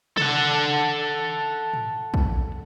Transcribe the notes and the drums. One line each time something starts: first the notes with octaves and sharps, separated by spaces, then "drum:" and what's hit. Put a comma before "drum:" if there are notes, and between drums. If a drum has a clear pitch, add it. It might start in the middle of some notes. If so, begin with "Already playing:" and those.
A4 F#5, drum: tom
drum: tom
drum: kick